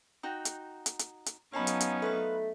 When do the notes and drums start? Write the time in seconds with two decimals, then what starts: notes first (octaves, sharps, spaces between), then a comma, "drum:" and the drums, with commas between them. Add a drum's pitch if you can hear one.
0.23 D#4 F#4 G5
0.45 drum: hi-hat
0.86 drum: hi-hat
0.99 drum: hi-hat
1.26 drum: hi-hat
1.53 F#3 B3 C#4 D#4 F5 A5 B5
1.67 drum: hi-hat
1.80 drum: hi-hat
2.02 A3 B4 C5 F5